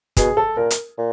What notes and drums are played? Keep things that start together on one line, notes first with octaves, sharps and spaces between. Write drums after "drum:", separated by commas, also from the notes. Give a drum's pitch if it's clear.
B2 G#4, drum: kick, hi-hat
A4
A#2 A#4
drum: hi-hat
A#2